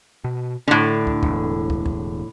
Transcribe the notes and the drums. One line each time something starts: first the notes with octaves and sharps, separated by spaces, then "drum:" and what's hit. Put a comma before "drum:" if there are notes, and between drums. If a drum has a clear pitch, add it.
B2
A2 D3 C#4 D4
drum: kick
E1, drum: kick
drum: kick
drum: kick